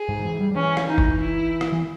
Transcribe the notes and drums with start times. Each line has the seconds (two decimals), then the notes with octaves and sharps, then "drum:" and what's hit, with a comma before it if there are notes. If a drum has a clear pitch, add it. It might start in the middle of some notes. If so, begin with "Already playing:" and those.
Already playing: G#4
0.09 G#2
0.19 D#3
0.25 E3
0.40 G3
0.52 G3
0.55 E3 C#4
0.77 drum: rim click
0.88 D#4
0.98 drum: kick
1.19 E4
1.61 drum: rim click
1.72 E3